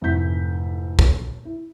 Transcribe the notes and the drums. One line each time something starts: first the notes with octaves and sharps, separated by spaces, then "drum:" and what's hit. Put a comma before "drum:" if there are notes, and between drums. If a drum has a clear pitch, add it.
F1 F2 G#2 E4 G6 B6
drum: kick
E4